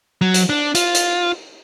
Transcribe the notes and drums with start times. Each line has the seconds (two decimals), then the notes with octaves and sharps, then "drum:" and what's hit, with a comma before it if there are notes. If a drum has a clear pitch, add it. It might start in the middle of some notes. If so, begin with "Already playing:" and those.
0.21 F#3
0.34 drum: hi-hat
0.49 D4
0.75 F4, drum: hi-hat
0.95 drum: hi-hat